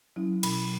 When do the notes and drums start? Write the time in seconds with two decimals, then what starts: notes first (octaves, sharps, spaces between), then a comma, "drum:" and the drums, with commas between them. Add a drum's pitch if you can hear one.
0.16 F#3 C#4 E4
0.43 B2 B5, drum: cymbal